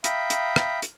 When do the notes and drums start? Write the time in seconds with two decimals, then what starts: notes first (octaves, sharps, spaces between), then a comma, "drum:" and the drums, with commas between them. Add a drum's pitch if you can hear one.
0.04 E5 F5 G5 A#5 B5 D#6, drum: hi-hat
0.30 drum: hi-hat
0.56 drum: rim click
0.82 drum: hi-hat